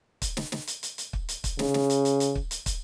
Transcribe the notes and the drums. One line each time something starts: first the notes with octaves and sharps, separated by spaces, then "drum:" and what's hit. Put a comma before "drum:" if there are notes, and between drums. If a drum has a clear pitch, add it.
drum: kick, hi-hat
drum: snare
drum: snare
drum: hi-hat
drum: hi-hat
drum: hi-hat
drum: kick
drum: hi-hat
drum: kick, hi-hat
C#3, drum: snare
drum: snare
drum: hi-hat
drum: hi-hat
drum: hi-hat
drum: kick
drum: hi-hat
drum: kick, hi-hat